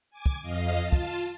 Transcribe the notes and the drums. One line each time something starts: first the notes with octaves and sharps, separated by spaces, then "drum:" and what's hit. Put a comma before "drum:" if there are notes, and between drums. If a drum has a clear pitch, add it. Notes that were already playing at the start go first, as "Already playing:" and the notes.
G#5 D6 G#6
drum: kick
F2 D#5 F5
F4 A5
drum: kick